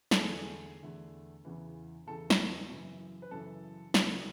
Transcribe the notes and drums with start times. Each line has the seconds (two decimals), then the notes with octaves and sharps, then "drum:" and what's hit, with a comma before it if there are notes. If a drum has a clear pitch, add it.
0.11 A4, drum: snare
0.20 E2 D3 A3 G#4
0.83 E2 D3 A3
1.45 E2 C#3 E3
2.07 E2 C#3 E3 A4
2.30 drum: snare
2.70 F#2 C#3 E3
3.22 B4
3.31 F#2 C#3 E3 A4
3.94 D2 C#3 F#3 A3, drum: snare